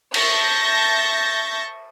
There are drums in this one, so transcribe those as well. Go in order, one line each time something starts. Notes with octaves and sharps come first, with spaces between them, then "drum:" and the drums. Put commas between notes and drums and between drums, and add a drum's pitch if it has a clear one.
E5 A5 C#6 G6 A6 A#6, drum: cymbal